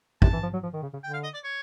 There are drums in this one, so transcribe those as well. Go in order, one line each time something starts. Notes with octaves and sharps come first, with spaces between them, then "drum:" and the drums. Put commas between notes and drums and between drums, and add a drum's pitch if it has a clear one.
C3 A5, drum: kick
E3
F3
F#3
F3
D#3
C#3
C#3
D3 G5
F5
D#5
D5
C#5